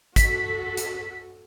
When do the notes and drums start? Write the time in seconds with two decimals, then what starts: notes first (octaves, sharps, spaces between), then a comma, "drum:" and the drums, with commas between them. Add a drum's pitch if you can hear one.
0.16 F#4 A4 B6, drum: kick G#1, hi-hat
0.77 drum: hi-hat